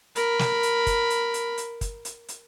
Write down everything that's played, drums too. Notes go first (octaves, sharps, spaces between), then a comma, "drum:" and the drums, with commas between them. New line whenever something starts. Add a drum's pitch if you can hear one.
A#4 B5, drum: hi-hat
drum: snare
drum: hi-hat
drum: kick, hi-hat
drum: hi-hat
drum: hi-hat
drum: hi-hat
drum: kick, hi-hat
drum: hi-hat
drum: hi-hat